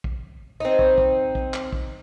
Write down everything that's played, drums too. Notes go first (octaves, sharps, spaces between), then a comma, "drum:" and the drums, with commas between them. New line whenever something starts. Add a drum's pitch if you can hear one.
drum: kick
C4 D#4
drum: kick
drum: kick
drum: kick
drum: clap
drum: kick